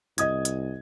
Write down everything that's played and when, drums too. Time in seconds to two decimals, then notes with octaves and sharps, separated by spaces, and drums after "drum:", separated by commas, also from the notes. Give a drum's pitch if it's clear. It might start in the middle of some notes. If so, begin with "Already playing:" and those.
0.18 C2 D#5 D#6 G#6, drum: hi-hat
0.45 drum: hi-hat